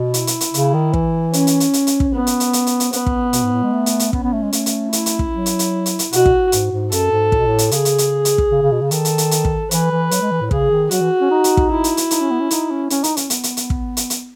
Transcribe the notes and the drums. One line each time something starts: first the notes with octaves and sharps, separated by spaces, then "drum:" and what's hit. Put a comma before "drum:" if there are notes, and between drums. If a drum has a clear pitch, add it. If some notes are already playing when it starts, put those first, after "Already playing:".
Already playing: B2
E4, drum: hi-hat
drum: hi-hat
drum: hi-hat
C#3, drum: hi-hat
D#3
E3, drum: kick
C#4, drum: hi-hat
drum: hi-hat
drum: hi-hat
drum: hi-hat
drum: hi-hat
drum: kick
B3
drum: hi-hat
drum: hi-hat
drum: hi-hat
drum: hi-hat
drum: hi-hat
B3, drum: hi-hat
drum: kick
B2, drum: hi-hat
G#2
A2
G#3
A3
drum: hi-hat
drum: hi-hat
B3 C#4, drum: kick
B3
A3
G#3
A3, drum: hi-hat
drum: hi-hat
E4, drum: hi-hat
drum: hi-hat
drum: kick
F#3
drum: hi-hat
drum: hi-hat
drum: hi-hat
drum: hi-hat
B2 F#4, drum: hi-hat
drum: kick
G#2, drum: hi-hat
G#2
F#2 A4, drum: hi-hat
G#2
A2, drum: kick
B2
A2
drum: hi-hat
C#3 G#4, drum: hi-hat
drum: hi-hat
drum: hi-hat
drum: hi-hat
drum: kick
C#3
C#3
B2
C#3
D#3 A4, drum: hi-hat
drum: hi-hat
drum: hi-hat
drum: hi-hat
drum: kick
E3 B4, drum: hi-hat
E3
F#3, drum: hi-hat
G#3
E3
A2
C#3 G#4, drum: kick
D#3
F#3 F#4, drum: hi-hat
E3
C#4
D#4
drum: hi-hat
drum: kick
E4
drum: hi-hat
drum: hi-hat
D#4, drum: hi-hat
C#4
B3
C#4
D#4, drum: hi-hat
C#4
C#4, drum: hi-hat
D#4, drum: hi-hat
C#4, drum: hi-hat
B3, drum: hi-hat
drum: hi-hat
drum: hi-hat
drum: kick
drum: hi-hat
drum: hi-hat